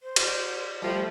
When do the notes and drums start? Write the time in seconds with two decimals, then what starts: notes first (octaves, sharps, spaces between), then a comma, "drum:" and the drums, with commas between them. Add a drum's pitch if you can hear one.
0.02 C5
0.16 drum: cymbal
0.82 F3 G3 A3